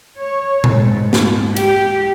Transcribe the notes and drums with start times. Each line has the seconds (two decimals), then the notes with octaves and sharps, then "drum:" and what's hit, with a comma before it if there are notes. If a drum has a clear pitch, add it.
0.18 C#5
0.64 drum: tom A#2
0.74 G#2
1.13 drum: snare
1.56 G4, drum: cymbal